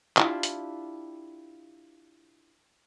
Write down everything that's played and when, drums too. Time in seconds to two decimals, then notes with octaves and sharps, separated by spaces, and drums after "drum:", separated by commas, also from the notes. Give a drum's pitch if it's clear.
0.17 D4 E4 F4 G4, drum: clap
0.43 drum: hi-hat